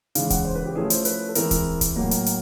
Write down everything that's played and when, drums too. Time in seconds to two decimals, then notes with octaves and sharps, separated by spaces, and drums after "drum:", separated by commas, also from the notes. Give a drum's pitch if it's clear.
0.15 C#3 E3 G#3 F5, drum: hi-hat
0.30 F#5, drum: kick D#1, hi-hat
0.45 C5
0.55 B4
0.66 G4
0.75 F3 A3 C#4 E4 G#4
0.90 C5, drum: hi-hat
1.05 B4, drum: hi-hat
1.29 A4
1.35 E3 G#3 C4 E4 A#4, drum: hi-hat
1.51 drum: kick D#1, hi-hat
1.81 drum: kick D#1, hi-hat
1.96 A2 F#3 A#3 A#4
2.11 drum: hi-hat
2.26 drum: hi-hat